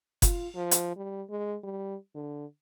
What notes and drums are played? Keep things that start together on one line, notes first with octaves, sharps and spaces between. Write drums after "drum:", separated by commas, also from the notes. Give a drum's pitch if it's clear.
F4, drum: kick F#1, hi-hat
F3
drum: hi-hat
G3
G#3
G3
D3